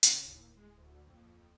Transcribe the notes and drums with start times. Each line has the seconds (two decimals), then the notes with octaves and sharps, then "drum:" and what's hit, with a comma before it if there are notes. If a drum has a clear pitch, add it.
0.03 C#3, drum: hi-hat
0.24 D1 D#2 E4
0.57 G#3
0.78 D2
1.07 D1 F2 A#3